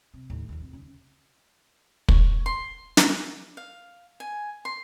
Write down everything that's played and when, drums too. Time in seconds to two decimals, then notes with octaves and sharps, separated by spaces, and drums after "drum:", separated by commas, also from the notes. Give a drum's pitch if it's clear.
0.14 C3
0.30 D#2 A2
0.49 D#2 F3
0.61 C2
0.73 D#2 C#3
2.09 C#5, drum: kick
2.46 C6
2.97 drum: snare
3.57 F5
4.20 G#5
4.65 C6